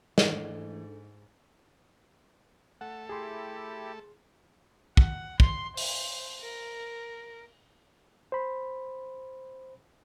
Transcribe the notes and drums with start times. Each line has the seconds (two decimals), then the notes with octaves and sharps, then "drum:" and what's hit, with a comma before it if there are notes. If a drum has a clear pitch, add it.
0.18 G#2 E3 A3 D4 A4, drum: snare
2.81 A3 A4 F#5
3.09 E4 G4 G#4 C6
4.97 F#5, drum: kick
5.40 C6, drum: kick
5.77 C5, drum: open hi-hat
6.41 A#4
8.32 C5 B5